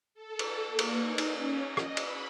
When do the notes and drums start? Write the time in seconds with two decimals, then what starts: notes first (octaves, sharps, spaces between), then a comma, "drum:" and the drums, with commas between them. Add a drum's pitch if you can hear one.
0.14 A4
0.39 drum: cymbal
0.68 A#3
0.79 drum: cymbal
1.01 D#4
1.18 drum: cymbal
1.33 C#4
1.65 D#5
1.77 drum: rim click
1.97 B5, drum: cymbal